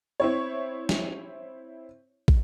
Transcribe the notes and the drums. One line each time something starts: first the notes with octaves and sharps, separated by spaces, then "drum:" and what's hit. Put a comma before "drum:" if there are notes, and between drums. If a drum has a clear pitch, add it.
C4 E4 C#5
drum: snare
drum: kick